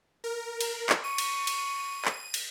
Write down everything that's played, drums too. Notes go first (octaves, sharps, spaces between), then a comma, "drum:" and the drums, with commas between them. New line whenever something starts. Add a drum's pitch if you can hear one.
A#4
drum: cymbal
drum: clap
C#6 D#7
drum: cymbal
drum: cymbal
drum: clap
drum: cymbal